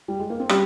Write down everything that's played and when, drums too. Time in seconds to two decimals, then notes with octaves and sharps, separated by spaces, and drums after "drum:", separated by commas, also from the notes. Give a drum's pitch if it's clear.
0.08 G3
0.20 G#3
0.30 A#3
0.40 C4
0.49 G3 C#4, drum: rim click